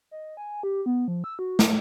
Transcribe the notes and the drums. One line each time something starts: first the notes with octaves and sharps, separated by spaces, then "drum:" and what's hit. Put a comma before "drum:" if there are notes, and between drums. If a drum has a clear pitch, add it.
D#5
G#5
G4
B3
F3
E6
F#4
A3, drum: snare